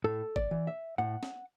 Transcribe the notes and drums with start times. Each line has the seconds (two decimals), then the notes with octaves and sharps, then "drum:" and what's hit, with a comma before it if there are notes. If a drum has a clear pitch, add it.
0.04 A2 A4
0.36 D5, drum: kick
0.51 E3
0.67 E5
0.98 A2 F#5
1.23 drum: snare